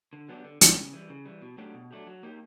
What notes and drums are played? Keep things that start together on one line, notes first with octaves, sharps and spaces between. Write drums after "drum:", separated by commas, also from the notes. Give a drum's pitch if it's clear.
D3
F#3 B3 D4 G4
D3
F#3 B3 D4 G4, drum: hi-hat
C#3
E3 G3
C#3
E3 G3
B2
F#3 A3 D4 G4
B2
F#3 A3 D4 G4
F#3
A#3 D#4 G4